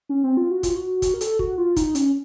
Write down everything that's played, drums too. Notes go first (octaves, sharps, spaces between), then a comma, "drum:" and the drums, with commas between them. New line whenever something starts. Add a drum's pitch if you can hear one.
C#4
C4
F4
F#4
F4, drum: kick, hi-hat
F#4
drum: kick, hi-hat
A#4
A4, drum: hi-hat
F#4, drum: kick
F4
D#4, drum: kick, hi-hat
C#4, drum: hi-hat